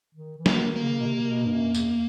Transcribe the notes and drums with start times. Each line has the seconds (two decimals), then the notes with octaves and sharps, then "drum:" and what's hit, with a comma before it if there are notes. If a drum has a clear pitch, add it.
0.15 D#3
0.38 E3
0.46 A#3, drum: snare
0.60 D#3
0.76 A#3
0.83 C#3
1.00 B2
1.06 C3
1.22 C3
1.29 B2
1.46 G2
1.52 F#2
1.75 E2, drum: tambourine